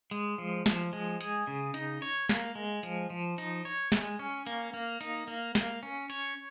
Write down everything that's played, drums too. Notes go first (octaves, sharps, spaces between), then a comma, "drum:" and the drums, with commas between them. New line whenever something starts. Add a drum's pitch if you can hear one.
G#3, drum: hi-hat
F3
F3, drum: snare
G#3
G#4, drum: hi-hat
C#3
D#4, drum: hi-hat
C#5
A#3, drum: snare
G#3
F3, drum: hi-hat
F3
D#4, drum: hi-hat
C#5
G#3, drum: snare
C#4
A#3, drum: hi-hat
A#3
D#4, drum: hi-hat
A#3
A#3, drum: snare
C#4
C#5, drum: hi-hat